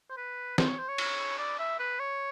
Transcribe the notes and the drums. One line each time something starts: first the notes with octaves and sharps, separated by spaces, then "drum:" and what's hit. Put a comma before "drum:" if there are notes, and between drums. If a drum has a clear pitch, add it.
C5
B4
C5, drum: snare
C#5
C5
C#5
drum: cymbal
D5
E5
B4
C#5